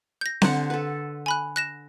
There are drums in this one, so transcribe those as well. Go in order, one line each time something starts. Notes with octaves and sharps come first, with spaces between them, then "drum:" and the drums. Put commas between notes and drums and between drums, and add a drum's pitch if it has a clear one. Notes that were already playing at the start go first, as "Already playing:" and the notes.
G6 A#6
D3 C5 F#5, drum: snare C4
A4 B4
G#5 B5 F#6
F#6 A#6 E7